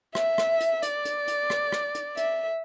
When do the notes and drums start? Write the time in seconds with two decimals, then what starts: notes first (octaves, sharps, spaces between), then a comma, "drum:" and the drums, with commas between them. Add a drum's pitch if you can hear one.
0.15 E5, drum: rim click
0.38 drum: rim click
0.61 drum: hi-hat
0.83 D5, drum: hi-hat
1.05 drum: hi-hat
1.28 drum: hi-hat
1.50 drum: rim click
1.72 drum: rim click
1.95 drum: hi-hat
2.17 E5, drum: hi-hat